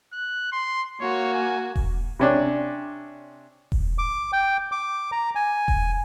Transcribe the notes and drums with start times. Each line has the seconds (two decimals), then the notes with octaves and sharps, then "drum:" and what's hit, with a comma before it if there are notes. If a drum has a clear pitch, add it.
0.12 F#6
0.52 C6
1.01 A#3 F#4 C#5
1.34 G#5
1.76 drum: kick E1
2.19 C3 C#4 D4
3.72 drum: kick E1
3.98 D6
4.33 G5
4.72 D6
5.12 A#5
5.35 G#5
5.68 drum: kick E1